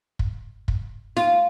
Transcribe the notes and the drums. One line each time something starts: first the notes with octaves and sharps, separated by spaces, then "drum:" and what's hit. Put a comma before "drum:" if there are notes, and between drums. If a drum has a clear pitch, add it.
drum: kick
drum: kick
F4, drum: snare